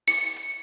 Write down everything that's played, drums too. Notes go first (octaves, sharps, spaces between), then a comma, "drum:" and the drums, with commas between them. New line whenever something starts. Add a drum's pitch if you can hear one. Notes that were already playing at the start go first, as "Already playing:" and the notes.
C#7, drum: open hi-hat
drum: hi-hat